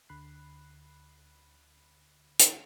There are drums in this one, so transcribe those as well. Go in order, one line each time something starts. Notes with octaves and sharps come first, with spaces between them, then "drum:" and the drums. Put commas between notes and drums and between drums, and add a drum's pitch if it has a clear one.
D2 D3 B5 F#6 C7
drum: hi-hat